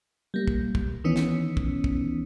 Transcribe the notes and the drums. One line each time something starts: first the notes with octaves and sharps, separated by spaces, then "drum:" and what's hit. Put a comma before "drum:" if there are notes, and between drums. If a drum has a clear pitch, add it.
G3 A#3
drum: kick
drum: kick
D#3 E3 B3 C#4 D#4
drum: snare
drum: kick
drum: kick